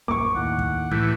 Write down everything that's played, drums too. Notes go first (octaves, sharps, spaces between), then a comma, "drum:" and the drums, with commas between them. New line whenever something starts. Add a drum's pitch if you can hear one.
A#1 F#2 A#3 C#6 D6
D#2 A2 F#5
drum: kick
A2 E3 G4, drum: kick